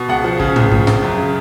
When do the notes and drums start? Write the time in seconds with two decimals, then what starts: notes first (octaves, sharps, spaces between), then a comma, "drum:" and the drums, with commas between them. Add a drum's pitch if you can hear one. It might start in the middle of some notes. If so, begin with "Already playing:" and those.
Already playing: B2
0.08 C#2 F#5
0.24 F3
0.40 C#3, drum: kick
0.56 C#2, drum: tom
0.71 F3, drum: kick
0.87 C#2, drum: snare
1.02 F#2
1.17 C#3